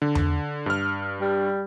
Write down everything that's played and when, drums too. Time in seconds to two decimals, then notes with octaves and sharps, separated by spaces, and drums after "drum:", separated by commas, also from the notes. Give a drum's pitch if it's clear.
0.02 D3
0.15 drum: tom E2
0.66 G2 F6
1.21 G3